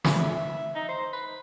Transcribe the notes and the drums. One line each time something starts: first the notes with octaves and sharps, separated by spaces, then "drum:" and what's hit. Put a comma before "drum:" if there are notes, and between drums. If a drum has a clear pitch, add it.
B4, drum: snare
E5
D#4
C5
B5